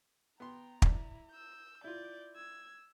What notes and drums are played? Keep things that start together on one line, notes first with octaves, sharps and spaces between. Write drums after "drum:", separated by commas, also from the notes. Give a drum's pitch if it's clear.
B3 G5 A#5 C6
E4 D5, drum: kick
E6 G6
E4 F4 D5 G6
E6 G#6